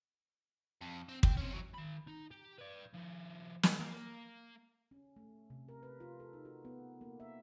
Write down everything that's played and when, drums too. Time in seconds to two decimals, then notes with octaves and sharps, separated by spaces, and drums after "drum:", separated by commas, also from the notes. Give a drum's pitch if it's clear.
0.81 F2
1.09 C4
1.23 C4 G5, drum: kick
1.37 C4 C#4
1.52 E3 F#3
1.74 D#3 B5
2.08 D#4
2.31 G4
2.58 B4 D5
2.93 F3 E4
3.63 drum: snare
3.79 A#3
4.91 C#4
5.16 A3
5.50 C3
5.69 A#4
5.83 B4
6.00 F4
6.20 A4
6.33 D#4
6.45 F#4
6.65 B3
7.01 A#3
7.20 E5